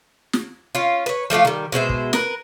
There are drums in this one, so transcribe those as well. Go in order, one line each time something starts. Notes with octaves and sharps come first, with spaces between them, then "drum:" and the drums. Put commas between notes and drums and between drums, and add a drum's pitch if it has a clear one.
drum: snare
C#4 F4
B4 C#5
F3 A3 D4 F4
D#3 G3
B2 G#3 C5 E5
drum: kick
A#4 B4, drum: snare